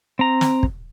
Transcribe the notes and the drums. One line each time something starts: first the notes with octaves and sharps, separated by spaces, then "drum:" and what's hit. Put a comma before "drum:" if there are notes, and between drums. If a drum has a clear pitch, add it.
C4 A#5
drum: snare
drum: kick